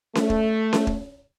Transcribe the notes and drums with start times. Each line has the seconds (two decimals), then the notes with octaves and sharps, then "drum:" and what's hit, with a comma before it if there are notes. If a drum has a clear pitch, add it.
0.15 A3, drum: snare C#4
0.30 drum: kick
0.73 drum: snare C#4
0.87 drum: kick